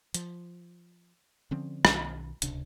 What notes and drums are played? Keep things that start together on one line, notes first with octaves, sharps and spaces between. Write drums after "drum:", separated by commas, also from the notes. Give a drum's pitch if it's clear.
F3, drum: hi-hat
D3 F3 C4 C#4
B1 D#3 C#4, drum: rim click
D1 C#2 C3 D4, drum: hi-hat